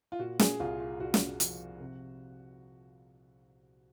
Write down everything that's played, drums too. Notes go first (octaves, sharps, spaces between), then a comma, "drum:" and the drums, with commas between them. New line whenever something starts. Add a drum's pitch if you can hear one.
F4
A#2 F#4
G#4, drum: snare
C2 F4
F4
C2 F#4
drum: snare
F3, drum: hi-hat
C3